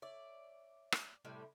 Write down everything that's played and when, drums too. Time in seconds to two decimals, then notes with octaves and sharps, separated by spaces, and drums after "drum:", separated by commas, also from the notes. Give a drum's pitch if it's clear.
0.02 C#5 D5 E5 D6
0.92 drum: rim click
1.25 A2 C3 G3